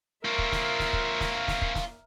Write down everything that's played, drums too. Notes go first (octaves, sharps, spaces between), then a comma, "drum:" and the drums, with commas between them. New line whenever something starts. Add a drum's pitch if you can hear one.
A#3 C4 F4 A#4 C#5 E5
drum: kick
drum: snare
drum: snare
drum: kick
drum: snare
drum: snare
drum: kick
drum: snare